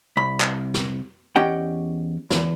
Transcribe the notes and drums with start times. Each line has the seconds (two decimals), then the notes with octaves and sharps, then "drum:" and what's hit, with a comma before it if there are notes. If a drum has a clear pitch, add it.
0.17 C2 B5
0.40 drum: clap
0.74 drum: snare
1.36 E2 C#4 G4 D#5 F#5 G5
2.30 E2 G2, drum: snare